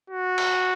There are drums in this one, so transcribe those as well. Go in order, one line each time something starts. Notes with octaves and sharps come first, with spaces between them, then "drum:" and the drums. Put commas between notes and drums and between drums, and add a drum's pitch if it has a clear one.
F#4
drum: cymbal